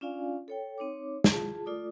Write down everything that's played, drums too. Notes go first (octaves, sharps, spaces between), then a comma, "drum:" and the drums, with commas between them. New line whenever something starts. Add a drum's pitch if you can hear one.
C#4 D4 F4 D5 F5 G#5
A4 C#5 G5
C4 D#4 C#5 D6
F4 G#4 A5, drum: snare
A3 F4 A4 D5 D6 D#6